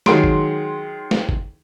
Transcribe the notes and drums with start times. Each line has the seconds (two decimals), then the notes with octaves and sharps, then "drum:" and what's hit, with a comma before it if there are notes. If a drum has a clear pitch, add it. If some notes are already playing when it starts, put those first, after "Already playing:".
0.06 D#3 F#3 G#3 G#4 C6 D7, drum: snare
0.24 drum: kick
1.11 drum: snare
1.29 drum: kick